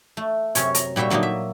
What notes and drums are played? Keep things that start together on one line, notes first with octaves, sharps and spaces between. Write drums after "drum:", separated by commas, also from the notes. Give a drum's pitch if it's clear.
A3
F#2 C3 C#4 C#5, drum: hi-hat
A#5, drum: hi-hat
A#2 G3 F#4 E5 G5
D3 F#3 A#3 D4 D#4
E5